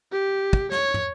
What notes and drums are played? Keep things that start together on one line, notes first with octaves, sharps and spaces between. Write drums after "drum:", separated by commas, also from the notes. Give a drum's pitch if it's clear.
G4
drum: kick
C#5, drum: snare
drum: tom